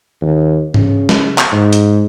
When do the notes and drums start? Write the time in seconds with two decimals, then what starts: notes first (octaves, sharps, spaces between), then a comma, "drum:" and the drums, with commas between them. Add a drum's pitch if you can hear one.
0.22 D#2
0.74 C#3, drum: tom G#2
1.09 drum: snare
1.38 drum: clap
1.52 G#2
1.73 drum: hi-hat